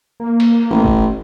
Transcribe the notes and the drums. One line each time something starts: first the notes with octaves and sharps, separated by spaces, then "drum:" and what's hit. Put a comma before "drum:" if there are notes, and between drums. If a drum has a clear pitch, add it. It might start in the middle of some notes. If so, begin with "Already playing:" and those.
A#3
drum: cymbal
A1
drum: kick F#1